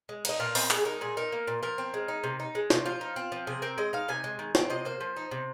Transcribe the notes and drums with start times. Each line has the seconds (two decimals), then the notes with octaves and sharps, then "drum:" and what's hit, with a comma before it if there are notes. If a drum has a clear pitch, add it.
0.09 G#3
0.25 D#4 D#5, drum: cymbal
0.39 A#2 F5
0.55 C4 D#5, drum: open hi-hat
0.70 G#3 G#4, drum: clap
0.85 D#4 A#4
1.01 A#2 G#4
1.17 D#4 A#4
1.32 A#3
1.47 A#2
1.63 F3 A#4
1.78 C4
1.94 G#3
2.08 D#4
2.24 C3
2.40 D#4
2.55 G#3
2.70 C3, drum: snare
2.85 F3 F4
3.01 D#4
3.16 C4
3.32 F3
3.47 C3 G#4
3.62 C4 A#4
3.78 G#3 D#5
3.93 D#4 F5
4.08 C3 G#5
4.24 G#3
4.39 D#3
4.55 C4, drum: snare
4.70 C3 D#5
4.85 A#3 C5
5.00 F3
5.16 D#4
5.31 C3